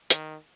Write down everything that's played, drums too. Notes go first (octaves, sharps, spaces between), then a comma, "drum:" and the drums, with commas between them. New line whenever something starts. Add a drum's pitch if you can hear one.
D#3, drum: hi-hat